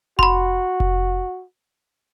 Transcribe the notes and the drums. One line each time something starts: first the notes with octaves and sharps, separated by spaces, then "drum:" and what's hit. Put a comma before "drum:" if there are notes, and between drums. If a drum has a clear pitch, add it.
F#4 B5 C6, drum: kick F1
drum: kick F1